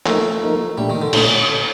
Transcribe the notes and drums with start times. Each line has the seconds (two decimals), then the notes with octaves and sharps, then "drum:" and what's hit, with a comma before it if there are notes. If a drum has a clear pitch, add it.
0.06 F3 A3 A#3 D#4 A#4, drum: clap
0.43 F3 A#3 D#4 A#4
0.78 A#2 G3 A3 D4 G4
0.90 D#3
1.02 D3
1.13 A#2 D3 A3 D4, drum: cymbal